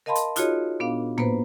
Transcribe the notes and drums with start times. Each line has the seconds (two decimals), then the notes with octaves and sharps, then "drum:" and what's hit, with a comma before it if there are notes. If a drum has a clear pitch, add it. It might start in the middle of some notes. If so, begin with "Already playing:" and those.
0.06 A#4 D#5 F5 A5 B5 C6
0.15 drum: hi-hat
0.36 D#4 F4 F#4 G#4 C#5 D#5, drum: hi-hat
0.80 A#2 B3 D4 F5
1.18 A#3 B3 B4 C5, drum: tom A2